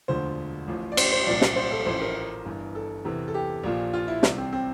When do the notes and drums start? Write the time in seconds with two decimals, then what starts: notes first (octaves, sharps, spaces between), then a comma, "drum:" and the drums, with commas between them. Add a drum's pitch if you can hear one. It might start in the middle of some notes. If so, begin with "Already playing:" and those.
0.08 E1 D2 D3 F3 C5
0.67 A1 A2 F3
0.92 D5
0.97 C5, drum: cymbal
1.12 C5
1.27 C2 A#2 F3 D5
1.42 D5, drum: snare
1.56 C5
1.72 A4
1.86 A1 A2 F3 C5
2.01 A#4
2.45 G1 G2 E3
2.75 A4
3.05 E2 C3 E3
3.28 A4
3.34 G4
3.64 A#1 A#2 F3
3.94 F4
4.08 E4
4.23 C2 C3 E3, drum: snare
4.38 C4
4.53 C4